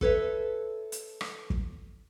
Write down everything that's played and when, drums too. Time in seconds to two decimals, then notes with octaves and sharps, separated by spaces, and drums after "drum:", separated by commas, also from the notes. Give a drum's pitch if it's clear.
0.01 A4 B4 C#5 E5, drum: kick
0.92 drum: hi-hat
1.21 drum: rim click
1.50 drum: kick